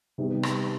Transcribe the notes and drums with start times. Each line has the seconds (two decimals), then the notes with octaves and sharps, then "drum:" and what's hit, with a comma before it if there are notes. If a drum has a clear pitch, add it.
0.18 C3 D#3 G3 B3
0.43 drum: rim click